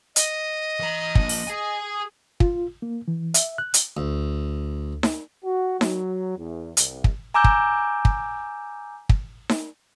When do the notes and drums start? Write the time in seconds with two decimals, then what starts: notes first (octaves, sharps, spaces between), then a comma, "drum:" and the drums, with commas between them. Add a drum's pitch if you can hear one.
0.16 D#5, drum: hi-hat
0.80 E3 A#5
1.15 F3 A#3, drum: kick
1.29 drum: open hi-hat
1.47 G#4 G#5
2.40 F4, drum: kick
2.82 A#3
3.08 E3
3.34 E5, drum: hi-hat
3.58 F#6
3.74 drum: hi-hat
3.97 D2
5.03 drum: snare D#4
5.44 F#4
5.81 F#3, drum: snare D#4
6.38 E2
6.77 C2, drum: hi-hat
7.04 drum: kick
7.34 G#5 A#5 D6 E6 G6
7.44 drum: kick
8.05 drum: kick
9.09 drum: kick
9.49 drum: snare D#4